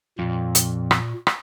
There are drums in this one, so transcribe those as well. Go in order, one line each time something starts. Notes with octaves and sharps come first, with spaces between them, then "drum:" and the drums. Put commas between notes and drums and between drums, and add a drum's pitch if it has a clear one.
F2 A#2
drum: hi-hat
drum: rim click
drum: rim click